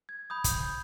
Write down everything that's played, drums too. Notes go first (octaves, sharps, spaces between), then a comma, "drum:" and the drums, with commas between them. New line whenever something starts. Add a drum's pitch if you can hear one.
G#6
B5 D#6 G6
G6, drum: kick, hi-hat
G6